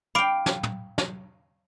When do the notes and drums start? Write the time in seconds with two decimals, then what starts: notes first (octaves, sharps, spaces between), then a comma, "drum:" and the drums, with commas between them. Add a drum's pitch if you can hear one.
0.15 F5 G5 B5 D6 D7
0.46 drum: snare
0.63 drum: tom
0.98 drum: snare